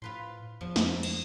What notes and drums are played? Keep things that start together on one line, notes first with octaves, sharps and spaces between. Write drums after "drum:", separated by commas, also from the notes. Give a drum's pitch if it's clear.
A2 F4 B4 C6
E2 F3
F2, drum: snare
drum: cymbal